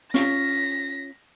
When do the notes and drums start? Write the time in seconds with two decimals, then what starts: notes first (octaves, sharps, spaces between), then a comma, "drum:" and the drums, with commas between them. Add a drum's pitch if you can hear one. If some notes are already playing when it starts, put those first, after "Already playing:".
0.14 C#4 F4 A#6 B6, drum: snare